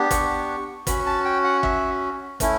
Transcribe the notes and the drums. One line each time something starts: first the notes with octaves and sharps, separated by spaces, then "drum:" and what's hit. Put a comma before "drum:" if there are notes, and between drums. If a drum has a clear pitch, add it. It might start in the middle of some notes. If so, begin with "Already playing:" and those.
Already playing: B3 D4 G4
C#6, drum: kick, hi-hat
C#4 F#4 B5, drum: kick, hi-hat
A5
G5
F#5
E5, drum: kick
A3 C#4 E4, drum: kick, hi-hat